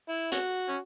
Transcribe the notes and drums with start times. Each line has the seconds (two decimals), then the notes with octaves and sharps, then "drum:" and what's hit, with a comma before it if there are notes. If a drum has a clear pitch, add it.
0.09 E4
0.32 C#4 F#4, drum: hi-hat
0.69 C#4